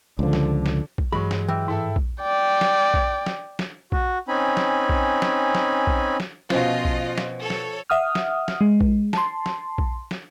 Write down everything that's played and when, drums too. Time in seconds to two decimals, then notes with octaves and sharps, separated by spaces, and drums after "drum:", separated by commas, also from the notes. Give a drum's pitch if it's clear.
0.19 C#2 D3 F3
0.33 drum: snare
0.66 drum: snare
0.98 drum: kick A#1
1.12 G2 E3 F#3 G#3 B5 C#6
1.31 drum: snare
1.49 E3 G5 E6
1.68 G#2 E4 A4 E5
1.96 drum: kick A#1
2.21 D5 G5
2.61 drum: snare
2.94 drum: kick A#1
3.26 drum: snare
3.59 drum: snare
3.92 F#4, drum: kick A#1
4.28 C4 C#4 D#4 G#5 B5
4.57 drum: snare
4.89 drum: kick A#1
5.22 drum: snare
5.55 drum: snare
5.87 drum: kick A#1
6.20 drum: snare
6.50 B2 F3 C#4 F4 D#5, drum: snare
6.85 drum: kick A#1
7.18 drum: snare
7.41 A4 C#5
7.50 drum: snare
7.90 E5 F#5 D#6 F6
8.15 drum: snare
8.48 drum: snare
8.61 G#3
8.81 drum: kick A#1
9.13 A5 C6, drum: snare
9.46 drum: snare
9.78 drum: kick A#1
10.11 drum: snare